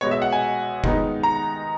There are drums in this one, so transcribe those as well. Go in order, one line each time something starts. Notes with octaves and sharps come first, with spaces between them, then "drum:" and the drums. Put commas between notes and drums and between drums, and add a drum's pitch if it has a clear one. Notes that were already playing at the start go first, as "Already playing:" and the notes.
B2 G#3 B3 C#5
E5
F#5
G#5
D#3 G#3 B3 D#4, drum: kick F1
A#5